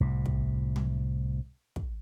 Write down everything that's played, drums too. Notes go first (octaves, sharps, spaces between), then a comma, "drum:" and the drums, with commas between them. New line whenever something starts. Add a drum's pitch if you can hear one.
C2 A2 C3
drum: kick
drum: tom
drum: kick